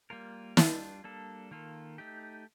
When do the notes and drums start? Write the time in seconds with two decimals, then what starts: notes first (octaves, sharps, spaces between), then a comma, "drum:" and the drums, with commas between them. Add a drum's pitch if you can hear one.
0.10 G3 A#3 F4 A#4
0.57 G3 D4 F4, drum: snare
1.04 G3 A#3 D4 A4
1.51 D#3 A#3 F4 A4
1.98 A3 D#4 G4